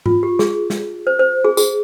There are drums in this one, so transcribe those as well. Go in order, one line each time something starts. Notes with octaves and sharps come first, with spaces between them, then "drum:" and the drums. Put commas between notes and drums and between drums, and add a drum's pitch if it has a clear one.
F4, drum: tom G#2
G4
G#4, drum: snare
drum: snare
C5
C5
G#4
G#4, drum: tambourine